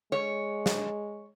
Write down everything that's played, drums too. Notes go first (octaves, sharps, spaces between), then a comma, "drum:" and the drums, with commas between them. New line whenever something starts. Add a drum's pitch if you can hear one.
G#3 C#5
drum: snare